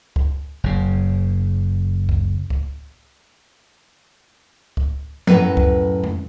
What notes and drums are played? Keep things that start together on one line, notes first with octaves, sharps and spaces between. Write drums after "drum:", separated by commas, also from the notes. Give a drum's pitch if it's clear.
drum: kick C#2
F#1 C#3
drum: kick C#2
drum: kick C#2
drum: kick C#2
F#2 A2 F#3 B4 A#5, drum: tom F3
drum: kick C#2
drum: tom F2